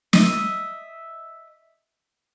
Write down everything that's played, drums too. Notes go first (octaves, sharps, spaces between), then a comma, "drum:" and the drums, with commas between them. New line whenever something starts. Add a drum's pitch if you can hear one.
D#5 E5, drum: snare